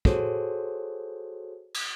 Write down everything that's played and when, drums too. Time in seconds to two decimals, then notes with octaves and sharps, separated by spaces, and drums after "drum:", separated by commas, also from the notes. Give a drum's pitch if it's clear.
0.05 F#4 G#4 A4 C5 C#5, drum: kick
1.74 drum: cymbal